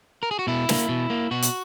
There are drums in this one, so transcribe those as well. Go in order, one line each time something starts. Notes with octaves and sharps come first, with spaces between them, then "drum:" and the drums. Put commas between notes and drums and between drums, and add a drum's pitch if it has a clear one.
A#4
G#4
F#4
B2 E4
A#3, drum: snare
B2
A#3
B2 F#4
drum: hi-hat